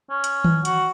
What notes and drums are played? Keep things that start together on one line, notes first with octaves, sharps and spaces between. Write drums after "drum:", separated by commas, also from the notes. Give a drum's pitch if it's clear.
C#4
drum: hi-hat
drum: tom D#3
F#4, drum: hi-hat